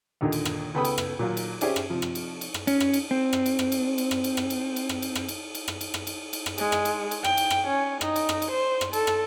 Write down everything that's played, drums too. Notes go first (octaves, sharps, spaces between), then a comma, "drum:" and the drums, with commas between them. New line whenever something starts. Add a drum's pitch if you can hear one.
D#2 A#2 D3 D#3
drum: cymbal
drum: rim click
C#2 B3 A4 G5 B5 D#6
drum: cymbal
drum: rim click
A#2 F#3 F4
drum: cymbal
C#4 G4 G#4 C5 D5 E5, drum: cymbal
drum: rim click
C3 F3
drum: rim click
drum: cymbal
drum: cymbal
drum: rim click
C#4, drum: cymbal
drum: rim click
drum: cymbal
C4
drum: rim click
drum: cymbal
drum: rim click
drum: cymbal
drum: cymbal
drum: rim click
drum: cymbal
drum: rim click
drum: cymbal
drum: cymbal
drum: rim click
drum: cymbal
drum: rim click
drum: cymbal
drum: cymbal
drum: rim click
drum: cymbal
drum: rim click
drum: cymbal
drum: cymbal
drum: rim click
G#3, drum: cymbal
drum: rim click
drum: cymbal
drum: cymbal
G5, drum: rim click
drum: cymbal
drum: rim click
C#4
D#4, drum: rim click
drum: cymbal
drum: rim click
drum: cymbal
C5
drum: rim click
A4, drum: cymbal
drum: rim click